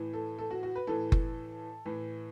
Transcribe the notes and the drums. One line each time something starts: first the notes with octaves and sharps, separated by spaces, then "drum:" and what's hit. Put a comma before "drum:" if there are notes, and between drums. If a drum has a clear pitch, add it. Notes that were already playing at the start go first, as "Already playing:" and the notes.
Already playing: A2 E3
A4
A4
F#4
F#4
B4
A2 E3 A4
drum: kick F#1
A2 E3